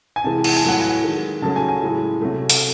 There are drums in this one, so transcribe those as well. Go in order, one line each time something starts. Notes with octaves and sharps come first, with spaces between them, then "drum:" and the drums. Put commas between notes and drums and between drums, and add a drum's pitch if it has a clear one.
G#5
C3 E3 G#3 A5
A5, drum: cymbal
G#5
A2 F#3 A3 F#5
G#5
D#3 G#3
C#3 F#3 A3 A5
G#5
G#5
A2 G#3
C3 F#3 A3
drum: hi-hat